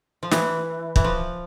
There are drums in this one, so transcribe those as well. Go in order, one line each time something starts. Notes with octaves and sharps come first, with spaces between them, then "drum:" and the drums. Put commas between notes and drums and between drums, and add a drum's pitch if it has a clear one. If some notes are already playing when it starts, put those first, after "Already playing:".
F3
E3, drum: snare
E3, drum: kick
F3